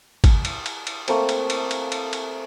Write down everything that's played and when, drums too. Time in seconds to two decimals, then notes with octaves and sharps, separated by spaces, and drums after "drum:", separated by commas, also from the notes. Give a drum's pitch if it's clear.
0.24 drum: kick, cymbal
0.45 drum: cymbal
0.66 drum: cymbal
0.87 drum: cymbal
1.08 A3 A#3 C4, drum: cymbal
1.29 drum: cymbal
1.50 drum: cymbal
1.71 drum: cymbal
1.92 drum: cymbal
2.13 drum: cymbal